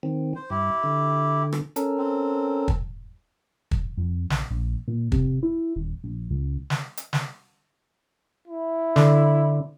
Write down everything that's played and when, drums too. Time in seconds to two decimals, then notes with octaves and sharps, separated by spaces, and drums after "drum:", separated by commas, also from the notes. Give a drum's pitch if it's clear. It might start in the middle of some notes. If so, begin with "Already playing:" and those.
0.03 D#3 C4
0.36 C5
0.50 G2 E4 G4
0.84 D3
1.53 drum: rim click
1.76 C#4 A4 A#4, drum: hi-hat
1.98 C4
2.68 drum: kick
3.71 drum: kick
3.97 F2
4.30 A#1, drum: snare
4.51 A#1
4.88 A#2
5.12 C3, drum: kick
5.43 E4
5.76 D#1
6.04 A#1
6.31 C#2
6.70 drum: snare
6.97 drum: hi-hat
7.13 drum: snare
8.48 E4
8.96 D3, drum: snare